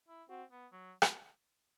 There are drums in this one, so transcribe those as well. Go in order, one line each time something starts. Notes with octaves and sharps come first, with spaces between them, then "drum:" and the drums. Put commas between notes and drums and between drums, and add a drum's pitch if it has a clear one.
E4
C4 F#4
B3
F#3
drum: rim click